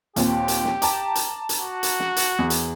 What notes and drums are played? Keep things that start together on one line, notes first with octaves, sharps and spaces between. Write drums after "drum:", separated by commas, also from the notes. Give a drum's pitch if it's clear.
D#2 A#2 C4 G4, drum: hi-hat
drum: hi-hat
drum: snare
A5 A#5 D6, drum: hi-hat
drum: hi-hat
drum: hi-hat
F#4
drum: hi-hat
drum: snare
drum: hi-hat
E2
drum: hi-hat